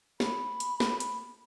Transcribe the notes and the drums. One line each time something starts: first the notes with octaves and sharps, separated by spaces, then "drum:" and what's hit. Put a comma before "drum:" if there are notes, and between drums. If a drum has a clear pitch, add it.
B5, drum: snare
drum: hi-hat
drum: snare
drum: hi-hat